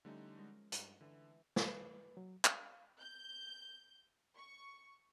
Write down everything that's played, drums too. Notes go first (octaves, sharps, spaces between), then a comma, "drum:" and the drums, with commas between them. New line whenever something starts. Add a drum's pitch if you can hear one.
D3 F3 G3 A3 C#4 D#4
G#3 A#4 C#6
G2, drum: hi-hat
D3 E3
drum: snare
B4
F#3
F5, drum: clap
G6
C#6